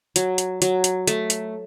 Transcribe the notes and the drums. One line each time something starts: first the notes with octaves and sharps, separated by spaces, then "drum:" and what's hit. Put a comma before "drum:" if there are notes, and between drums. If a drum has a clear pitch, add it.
F#3, drum: hi-hat
drum: hi-hat
F#3, drum: hi-hat
drum: hi-hat
A3, drum: hi-hat
drum: hi-hat